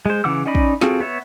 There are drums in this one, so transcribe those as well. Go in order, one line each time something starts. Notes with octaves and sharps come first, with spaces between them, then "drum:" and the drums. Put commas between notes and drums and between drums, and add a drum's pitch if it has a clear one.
G#3 C5
C#3 E3 F#5 D6 E6
C#4 D#4 D5 D#5 B5
drum: kick
C4 F4 F#4 G#4 A4, drum: snare
B3 C#5 E5